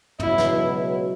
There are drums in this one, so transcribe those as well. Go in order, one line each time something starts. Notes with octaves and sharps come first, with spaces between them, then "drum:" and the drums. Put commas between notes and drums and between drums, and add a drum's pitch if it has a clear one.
C#2 B2 F#3 E4, drum: tom
drum: snare